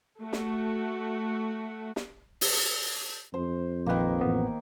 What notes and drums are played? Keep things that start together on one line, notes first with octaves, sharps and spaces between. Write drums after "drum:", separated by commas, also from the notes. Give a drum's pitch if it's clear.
A3 F#4
drum: snare
drum: snare
drum: open hi-hat
F2 C5
A#1 D#3 A#3 B4
A1 B3